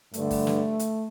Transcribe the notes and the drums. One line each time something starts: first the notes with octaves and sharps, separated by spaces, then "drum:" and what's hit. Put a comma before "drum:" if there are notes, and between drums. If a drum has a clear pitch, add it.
G2 D3 A3, drum: hi-hat
drum: kick, open hi-hat
drum: snare
drum: hi-hat